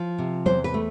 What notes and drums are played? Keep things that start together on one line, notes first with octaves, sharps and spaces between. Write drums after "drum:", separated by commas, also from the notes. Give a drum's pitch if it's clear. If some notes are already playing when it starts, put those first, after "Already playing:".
Already playing: F3
C3
E2 C5, drum: tom F3
B4
A3